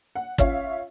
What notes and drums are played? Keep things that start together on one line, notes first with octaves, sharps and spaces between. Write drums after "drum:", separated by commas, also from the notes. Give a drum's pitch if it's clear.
F#5
C#4 F4 C#5 E5 F5, drum: kick